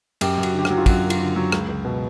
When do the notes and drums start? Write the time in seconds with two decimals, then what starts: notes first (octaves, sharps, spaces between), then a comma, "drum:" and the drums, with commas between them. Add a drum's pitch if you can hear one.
0.21 F#2 G4, drum: cymbal
0.38 F#2
0.43 F#4, drum: cymbal
0.54 D3 G4
0.65 F#4, drum: rim click
0.70 F#3
0.78 F4
0.86 F#2 F#4, drum: kick, cymbal
1.04 F#2
1.10 F4, drum: cymbal
1.19 D3 F#4
1.36 F#3
1.52 C#2, drum: rim click
1.68 C#2
1.85 B2